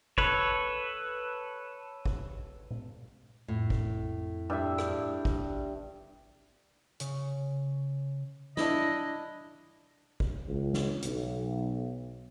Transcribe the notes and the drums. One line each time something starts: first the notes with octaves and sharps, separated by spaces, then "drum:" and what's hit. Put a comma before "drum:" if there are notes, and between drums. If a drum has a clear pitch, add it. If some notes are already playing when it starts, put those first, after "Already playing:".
A4 B4 C#5, drum: kick
drum: kick
drum: tom A#2
F2 A2
drum: kick
G2 E5
drum: rim click
drum: kick
C#3, drum: hi-hat
D4 E4 D#5 B5, drum: snare
drum: kick
C#2
drum: snare
B1, drum: hi-hat